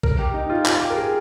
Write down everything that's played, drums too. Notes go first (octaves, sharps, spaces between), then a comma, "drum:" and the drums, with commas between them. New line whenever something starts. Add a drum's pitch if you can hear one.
A#4, drum: kick B1
G4
D#4
F4
F4, drum: clap
G4
A#4
G#4